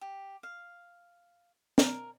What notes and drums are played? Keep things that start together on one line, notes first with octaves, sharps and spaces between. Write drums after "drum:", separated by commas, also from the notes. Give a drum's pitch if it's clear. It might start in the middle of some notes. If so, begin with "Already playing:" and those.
G4
F5
A#4, drum: snare